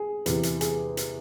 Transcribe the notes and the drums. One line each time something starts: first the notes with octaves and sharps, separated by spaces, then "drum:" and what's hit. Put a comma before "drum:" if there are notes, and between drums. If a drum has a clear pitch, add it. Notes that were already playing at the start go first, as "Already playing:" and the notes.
Already playing: G#4
E2 C3 E3, drum: hi-hat
drum: hi-hat
G#4, drum: hi-hat
drum: hi-hat